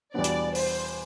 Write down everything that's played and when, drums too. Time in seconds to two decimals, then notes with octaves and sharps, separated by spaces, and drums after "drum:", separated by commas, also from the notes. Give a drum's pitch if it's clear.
0.14 E2 B2 G3 B3 D4 D5
0.24 drum: hi-hat
0.55 C5, drum: open hi-hat